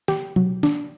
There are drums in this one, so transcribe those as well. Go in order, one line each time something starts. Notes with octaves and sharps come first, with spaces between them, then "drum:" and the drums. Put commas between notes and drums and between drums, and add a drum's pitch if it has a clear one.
G4, drum: snare
F#3, drum: tom B2
D4, drum: snare